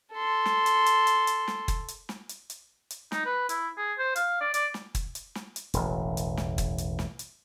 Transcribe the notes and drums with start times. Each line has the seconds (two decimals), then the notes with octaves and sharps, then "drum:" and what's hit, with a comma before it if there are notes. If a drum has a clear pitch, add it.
0.14 A4 C6
0.46 drum: snare
0.66 drum: hi-hat
0.86 drum: hi-hat
1.07 drum: hi-hat
1.27 drum: hi-hat
1.48 drum: snare
1.68 drum: kick, hi-hat
1.88 drum: hi-hat
2.09 drum: snare
2.29 drum: hi-hat
2.50 drum: hi-hat
2.90 drum: hi-hat
3.12 D#4, drum: snare
3.25 B4
3.49 E4, drum: hi-hat
3.78 G#4
3.99 C5
4.16 F5, drum: hi-hat
4.41 D5
4.54 D5, drum: hi-hat
4.74 drum: snare
4.95 drum: kick, hi-hat
5.15 drum: hi-hat
5.35 drum: snare
5.56 drum: hi-hat
5.74 E1 A1, drum: hi-hat
6.17 drum: hi-hat
6.37 drum: snare
6.58 drum: kick, hi-hat
6.78 drum: hi-hat
6.99 drum: snare
7.19 drum: hi-hat